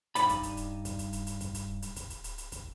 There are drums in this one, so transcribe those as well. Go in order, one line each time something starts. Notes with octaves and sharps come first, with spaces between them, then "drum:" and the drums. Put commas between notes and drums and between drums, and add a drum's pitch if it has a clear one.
G2 D#4 D5 B5, drum: hi-hat
drum: kick, hi-hat
drum: hi-hat
drum: hi-hat
drum: kick, hi-hat
drum: hi-hat
drum: hi-hat
drum: hi-hat
drum: kick, hi-hat
drum: hi-hat
drum: hi-hat
drum: kick, hi-hat
drum: hi-hat
drum: hi-hat
drum: hi-hat
drum: kick, hi-hat